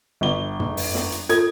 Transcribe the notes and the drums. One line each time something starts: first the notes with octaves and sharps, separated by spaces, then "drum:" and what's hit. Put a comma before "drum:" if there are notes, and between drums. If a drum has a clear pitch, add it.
G1 G7
drum: tom
drum: open hi-hat
drum: snare
drum: hi-hat
F4 A4 G#6, drum: hi-hat